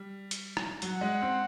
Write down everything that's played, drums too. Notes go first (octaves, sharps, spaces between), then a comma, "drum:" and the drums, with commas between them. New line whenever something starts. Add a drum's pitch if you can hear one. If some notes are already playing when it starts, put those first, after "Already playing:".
Already playing: G3
drum: hi-hat
drum: rim click
F#3 F#5, drum: hi-hat
G#3
C4